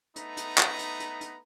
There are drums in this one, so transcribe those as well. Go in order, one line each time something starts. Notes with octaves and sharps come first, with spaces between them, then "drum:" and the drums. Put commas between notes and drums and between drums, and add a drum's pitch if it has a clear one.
A3 B3 D#4 B4 A#5, drum: hi-hat
drum: hi-hat
drum: clap
drum: hi-hat
drum: hi-hat
drum: hi-hat